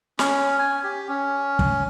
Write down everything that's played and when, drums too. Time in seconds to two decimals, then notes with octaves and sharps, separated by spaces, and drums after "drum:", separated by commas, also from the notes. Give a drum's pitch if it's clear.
0.19 C#4, drum: snare
0.59 G#5
0.83 G4
1.09 C#4
1.59 drum: kick